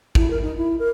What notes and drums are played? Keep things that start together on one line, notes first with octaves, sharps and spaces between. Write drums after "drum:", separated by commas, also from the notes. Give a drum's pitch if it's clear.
E4, drum: kick
A#4
D#4
E4
A#4